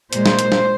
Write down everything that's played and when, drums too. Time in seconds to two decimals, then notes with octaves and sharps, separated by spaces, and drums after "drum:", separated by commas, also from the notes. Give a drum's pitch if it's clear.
0.13 A#2 G#3 C5, drum: hi-hat
0.26 drum: snare
0.39 drum: hi-hat
0.52 drum: snare